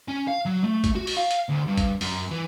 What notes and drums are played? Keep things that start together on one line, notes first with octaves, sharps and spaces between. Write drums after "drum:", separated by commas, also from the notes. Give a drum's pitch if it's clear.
C#4
F5
F#3
A3
drum: kick, hi-hat
F#4
drum: open hi-hat
F5
drum: hi-hat
D2
G2
drum: kick, hi-hat
F#2, drum: open hi-hat
E3